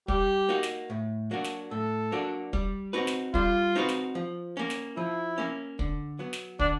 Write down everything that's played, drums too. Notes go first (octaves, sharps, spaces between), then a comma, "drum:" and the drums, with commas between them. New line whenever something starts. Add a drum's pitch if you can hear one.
G3 G4, drum: kick
A#3 D#4 F#4
drum: snare
A2
F#3 A#3 D4 F#4
drum: snare
A2 A4
F#3 A#3 D4 F#4
G3, drum: kick
C4 D#4 F#4 B4
drum: snare
G3 F4, drum: kick
C4 D#4 F#4 B4
drum: snare
F3
A#3 C#4
drum: snare
F3 E4
A#3 C#4
D3, drum: kick
F#3 B3
drum: snare
D3 D4, drum: kick